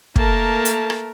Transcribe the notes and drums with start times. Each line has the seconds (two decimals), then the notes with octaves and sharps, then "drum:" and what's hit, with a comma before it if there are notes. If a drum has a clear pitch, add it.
0.16 A3 A#3 A#4 A5, drum: kick
0.65 drum: hi-hat
0.90 drum: rim click